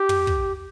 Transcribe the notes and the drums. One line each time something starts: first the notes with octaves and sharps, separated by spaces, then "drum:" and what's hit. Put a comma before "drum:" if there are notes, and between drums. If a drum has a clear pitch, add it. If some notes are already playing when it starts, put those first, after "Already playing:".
Already playing: G4
drum: tom
drum: kick